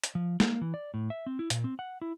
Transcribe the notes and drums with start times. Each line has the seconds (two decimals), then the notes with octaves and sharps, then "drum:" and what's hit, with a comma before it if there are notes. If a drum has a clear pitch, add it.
0.04 drum: hi-hat
0.15 F3
0.40 A#3, drum: snare G#3
0.61 E3
0.74 D5
0.94 A2
1.10 E5
1.26 C4
1.39 E4
1.50 A#2, drum: hi-hat
1.64 C4
1.79 F#5
2.01 E4